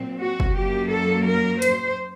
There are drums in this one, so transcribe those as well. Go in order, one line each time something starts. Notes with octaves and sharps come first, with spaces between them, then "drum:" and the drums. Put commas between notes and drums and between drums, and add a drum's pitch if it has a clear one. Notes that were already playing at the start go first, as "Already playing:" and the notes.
Already playing: A#2 F#3 C4
F#4
drum: kick F#1
F#2 F#3 A#3 G4
A4
A#4
C5, drum: hi-hat